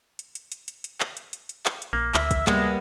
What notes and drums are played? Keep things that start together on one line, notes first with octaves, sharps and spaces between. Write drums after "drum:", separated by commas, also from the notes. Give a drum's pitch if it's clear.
drum: hi-hat
drum: hi-hat
drum: hi-hat
drum: hi-hat
drum: hi-hat
drum: clap
drum: hi-hat
drum: hi-hat
drum: hi-hat
drum: clap
drum: hi-hat
A#1 A#3
D2 E5, drum: clap
drum: kick, hi-hat
C3 G3 G#3 A#3 B3, drum: clap